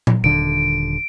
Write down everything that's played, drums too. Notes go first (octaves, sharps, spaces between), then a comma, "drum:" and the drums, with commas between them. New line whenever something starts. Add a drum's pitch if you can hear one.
drum: tom A#2
D#1 D3 D7